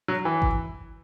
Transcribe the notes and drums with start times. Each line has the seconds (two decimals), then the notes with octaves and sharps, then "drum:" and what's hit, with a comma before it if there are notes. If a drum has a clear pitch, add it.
0.08 F#3
0.25 E3
0.42 drum: kick G#1